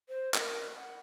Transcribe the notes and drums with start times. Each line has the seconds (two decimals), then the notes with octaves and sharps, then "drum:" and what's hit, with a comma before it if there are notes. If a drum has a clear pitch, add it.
0.09 C5
0.34 A#4, drum: clap
0.76 F#5